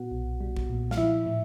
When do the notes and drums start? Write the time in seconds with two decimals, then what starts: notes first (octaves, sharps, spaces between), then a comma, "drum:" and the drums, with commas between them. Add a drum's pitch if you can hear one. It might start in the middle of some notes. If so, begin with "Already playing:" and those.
Already playing: A#2 B3 F#4 F#5
0.11 B1
0.41 G3
0.56 drum: kick G#1
0.69 A#2
0.91 F5, drum: snare
0.97 F3 E4 E5
1.26 A2